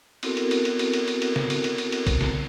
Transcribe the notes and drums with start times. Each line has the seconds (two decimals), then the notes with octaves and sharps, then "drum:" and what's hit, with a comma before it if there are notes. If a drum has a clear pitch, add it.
0.23 B3 C4 E4 F#4 A4 A#4, drum: cymbal
0.37 drum: cymbal
0.51 drum: cymbal
0.65 drum: cymbal
0.79 drum: cymbal
0.93 drum: cymbal
1.08 drum: cymbal
1.22 drum: cymbal
1.36 drum: snare
1.50 drum: cymbal
1.64 drum: cymbal
1.78 drum: cymbal
1.92 drum: cymbal
2.07 drum: kick, cymbal
2.21 drum: snare